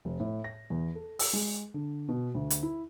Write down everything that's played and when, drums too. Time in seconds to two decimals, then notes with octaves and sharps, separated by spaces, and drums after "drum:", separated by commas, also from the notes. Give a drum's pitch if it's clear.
0.05 F1
0.20 A2
0.44 A#6
0.70 E2
0.95 A4
1.19 E6, drum: open hi-hat
1.33 G#3
1.74 D3
2.09 B2
2.35 D2
2.50 drum: hi-hat
2.63 E4